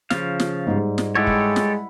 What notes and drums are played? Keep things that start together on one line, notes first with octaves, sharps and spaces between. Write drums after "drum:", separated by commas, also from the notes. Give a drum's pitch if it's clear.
C#3 F3 F5, drum: snare
drum: snare
G#2 G3 G#3
drum: snare
G#3 E4 G4 A4 C#5 F#5
drum: kick
drum: snare